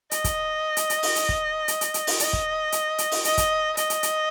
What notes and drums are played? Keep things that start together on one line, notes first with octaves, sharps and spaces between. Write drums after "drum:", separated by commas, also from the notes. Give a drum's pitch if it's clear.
D#5, drum: hi-hat
drum: kick, hi-hat
drum: hi-hat
drum: hi-hat
drum: open hi-hat
drum: hi-hat
drum: kick
drum: hi-hat
drum: hi-hat
drum: hi-hat
drum: open hi-hat
D#5, drum: hi-hat
drum: kick
drum: hi-hat
drum: hi-hat
drum: open hi-hat
D#5, drum: hi-hat
drum: kick, hi-hat
D#5, drum: hi-hat
drum: hi-hat
drum: hi-hat